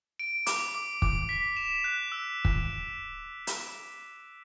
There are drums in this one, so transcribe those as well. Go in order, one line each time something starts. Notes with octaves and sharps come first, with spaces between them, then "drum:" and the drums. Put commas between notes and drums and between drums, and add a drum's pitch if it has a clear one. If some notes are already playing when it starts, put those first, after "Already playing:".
D7
D6, drum: hi-hat
D6
D6, drum: kick
B6
E7
F#6
E6
drum: kick
drum: hi-hat